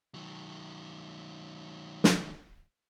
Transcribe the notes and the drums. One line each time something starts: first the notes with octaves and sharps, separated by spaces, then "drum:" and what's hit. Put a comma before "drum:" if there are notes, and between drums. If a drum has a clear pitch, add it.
D#3 F#3
drum: snare